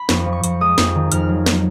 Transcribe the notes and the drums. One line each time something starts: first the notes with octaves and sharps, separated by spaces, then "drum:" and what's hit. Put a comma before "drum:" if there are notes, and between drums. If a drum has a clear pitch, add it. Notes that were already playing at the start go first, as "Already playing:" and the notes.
Already playing: B5
F2 C#6, drum: snare
C#6
F3
C#6
F2 C#6, drum: hi-hat
G#3 D#6
F2, drum: snare
D#3
F2 F6, drum: hi-hat
F#3
drum: snare